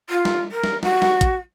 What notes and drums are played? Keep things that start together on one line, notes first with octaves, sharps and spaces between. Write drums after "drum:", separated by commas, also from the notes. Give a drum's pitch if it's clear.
F4
drum: snare
A#4
drum: snare
F#4, drum: snare
drum: snare
drum: kick A1, hi-hat